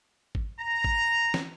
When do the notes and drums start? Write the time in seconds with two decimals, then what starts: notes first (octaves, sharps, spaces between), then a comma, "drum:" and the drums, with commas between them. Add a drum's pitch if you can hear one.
0.35 drum: kick G#1
0.60 A#5
0.84 drum: kick G#1
1.34 drum: snare